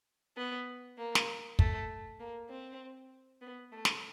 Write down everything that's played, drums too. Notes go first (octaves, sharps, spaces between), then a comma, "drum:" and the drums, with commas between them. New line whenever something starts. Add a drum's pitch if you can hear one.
B3
A#3
drum: snare
A3, drum: kick
A#3
C4
B3
A3
drum: snare